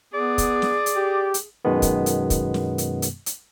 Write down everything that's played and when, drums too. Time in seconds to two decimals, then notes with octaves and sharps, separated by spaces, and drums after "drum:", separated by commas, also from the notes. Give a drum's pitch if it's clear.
0.14 B3 G#4 D5
0.38 drum: kick, hi-hat
0.62 drum: snare
0.86 drum: hi-hat
0.96 G4
1.34 drum: hi-hat
1.65 F#2 B2 D#3 G#3 B3
1.82 drum: kick, hi-hat
2.06 drum: hi-hat
2.30 drum: kick, hi-hat
2.54 drum: snare
2.78 drum: hi-hat
3.02 drum: hi-hat
3.26 drum: hi-hat